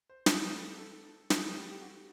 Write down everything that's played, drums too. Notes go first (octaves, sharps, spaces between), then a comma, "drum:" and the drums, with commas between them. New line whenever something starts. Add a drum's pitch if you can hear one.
C5
C5, drum: snare
A4
A4
A4, drum: snare
G4
G4
F#4